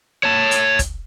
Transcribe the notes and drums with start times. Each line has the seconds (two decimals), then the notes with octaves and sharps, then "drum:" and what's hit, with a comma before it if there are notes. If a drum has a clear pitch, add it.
0.23 C#5 A5
0.51 drum: hi-hat
0.79 drum: kick, hi-hat